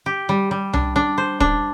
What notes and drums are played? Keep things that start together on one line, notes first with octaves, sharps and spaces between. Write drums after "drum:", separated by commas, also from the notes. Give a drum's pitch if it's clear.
G4
G3
G3
D4, drum: tom C2
D4
C5
D4, drum: kick